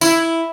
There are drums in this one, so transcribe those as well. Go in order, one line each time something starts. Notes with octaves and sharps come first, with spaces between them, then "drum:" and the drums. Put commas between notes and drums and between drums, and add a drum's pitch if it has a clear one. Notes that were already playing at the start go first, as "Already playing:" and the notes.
E4, drum: tambourine